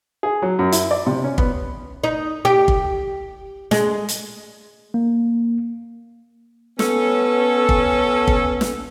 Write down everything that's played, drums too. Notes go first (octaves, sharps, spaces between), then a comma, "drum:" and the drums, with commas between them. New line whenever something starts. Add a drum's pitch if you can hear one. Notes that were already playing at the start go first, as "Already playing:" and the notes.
G#4
F#3
F#2
E4, drum: hi-hat
D5
C3
C#4
B3, drum: kick
D#4
G4
drum: kick
G#3, drum: snare
drum: hi-hat
A#3
B3 C#4 A4, drum: snare
drum: kick
drum: kick
drum: snare